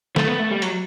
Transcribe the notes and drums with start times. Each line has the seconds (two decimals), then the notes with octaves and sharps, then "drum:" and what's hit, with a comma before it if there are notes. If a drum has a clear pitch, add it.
0.16 A3, drum: snare
0.28 B3
0.39 A3
0.51 G3
0.62 F#3, drum: hi-hat